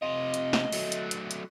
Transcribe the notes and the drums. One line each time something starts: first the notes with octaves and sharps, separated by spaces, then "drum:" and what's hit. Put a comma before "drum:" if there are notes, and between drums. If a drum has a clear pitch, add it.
C3 F4 D#5
drum: hi-hat
drum: snare
F#3 A3, drum: open hi-hat
drum: hi-hat
drum: hi-hat
drum: hi-hat